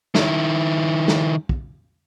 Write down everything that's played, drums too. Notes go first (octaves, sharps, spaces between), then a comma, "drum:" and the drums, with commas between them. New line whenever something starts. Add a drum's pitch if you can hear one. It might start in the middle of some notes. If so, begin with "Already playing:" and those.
D#3 E4, drum: snare
drum: snare
drum: kick